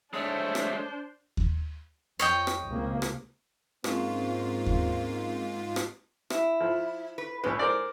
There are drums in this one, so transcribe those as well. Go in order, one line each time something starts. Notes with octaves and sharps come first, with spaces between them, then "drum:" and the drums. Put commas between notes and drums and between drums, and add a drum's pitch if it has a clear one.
G#3 A3 D4 C5 C#5
drum: rim click
drum: kick D#2
F2 C#5 D#5 G5
drum: rim click
C#2 C3 A#3
drum: rim click
G#2 F3 A#3 C4 C#4 F4 G#4, drum: rim click
drum: kick D#2
drum: rim click
E4, drum: rim click
F3
B4
A#1 G#3 C#4 B4
A#4 C5 D5